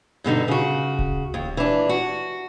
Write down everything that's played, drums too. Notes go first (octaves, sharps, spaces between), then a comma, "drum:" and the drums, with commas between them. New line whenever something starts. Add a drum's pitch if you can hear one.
G2 B2 D3 D#4
C#3 F#4
drum: kick D1
D#2
E3 D4
F#4